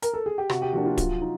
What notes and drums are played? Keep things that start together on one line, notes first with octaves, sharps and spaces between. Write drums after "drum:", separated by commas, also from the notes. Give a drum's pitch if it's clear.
A#4, drum: hi-hat
A4
G#4
G4
C3 F#4, drum: rim click
G4
F3 A#3 D4 F#4
F4
F#3 F4, drum: kick D1, hi-hat
D#4